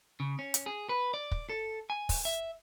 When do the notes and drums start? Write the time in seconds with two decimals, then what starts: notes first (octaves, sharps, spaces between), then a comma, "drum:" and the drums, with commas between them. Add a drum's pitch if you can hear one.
0.20 C#3
0.39 C#4
0.54 drum: hi-hat
0.66 G#4
0.89 B4
1.14 D5
1.31 drum: kick
1.49 A4
1.90 G#5
2.09 drum: kick, open hi-hat
2.25 E5